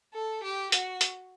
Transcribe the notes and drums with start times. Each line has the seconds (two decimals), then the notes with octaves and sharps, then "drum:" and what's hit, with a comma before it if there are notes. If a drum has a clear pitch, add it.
0.14 A4
0.44 G4
0.72 F#4, drum: hi-hat
1.01 drum: hi-hat